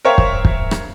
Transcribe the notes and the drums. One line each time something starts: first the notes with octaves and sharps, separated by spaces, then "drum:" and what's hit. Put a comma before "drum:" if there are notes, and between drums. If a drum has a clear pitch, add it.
A#4 C5 C#5 E5 F5 G5
drum: kick
drum: kick
drum: rim click